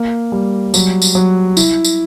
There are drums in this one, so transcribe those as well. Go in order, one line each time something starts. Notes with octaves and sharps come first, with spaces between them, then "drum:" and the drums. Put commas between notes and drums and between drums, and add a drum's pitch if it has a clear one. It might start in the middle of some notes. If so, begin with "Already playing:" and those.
Already playing: A#3
G3
F#3, drum: tambourine
drum: tambourine
F#3
E4, drum: tambourine
drum: tambourine